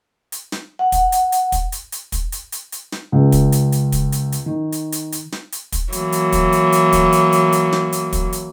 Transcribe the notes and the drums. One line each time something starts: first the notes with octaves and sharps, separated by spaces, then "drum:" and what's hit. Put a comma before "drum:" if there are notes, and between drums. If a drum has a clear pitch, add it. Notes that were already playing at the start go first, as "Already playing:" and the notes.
drum: hi-hat
drum: snare
F#5
drum: kick, hi-hat
drum: hi-hat
drum: hi-hat
drum: kick, hi-hat
drum: hi-hat
drum: hi-hat
drum: kick, hi-hat
drum: hi-hat
drum: hi-hat
drum: hi-hat
drum: snare
C#2
drum: kick, hi-hat
drum: hi-hat
drum: hi-hat
drum: kick, hi-hat
drum: hi-hat
drum: hi-hat
D#3
drum: hi-hat
drum: hi-hat
drum: hi-hat
drum: snare
drum: hi-hat
drum: kick, hi-hat
E3 F#3 A#3, drum: hi-hat
drum: hi-hat
drum: kick, hi-hat
drum: hi-hat
drum: hi-hat
drum: kick, hi-hat
drum: hi-hat
drum: hi-hat
drum: hi-hat
drum: snare
drum: hi-hat
drum: kick, hi-hat
drum: hi-hat